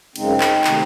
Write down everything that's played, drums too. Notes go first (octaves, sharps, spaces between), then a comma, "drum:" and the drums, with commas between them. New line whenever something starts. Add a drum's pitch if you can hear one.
F#2 C#3 G#3 C4 D#4, drum: cymbal
drum: clap
C3 D#3 A3, drum: clap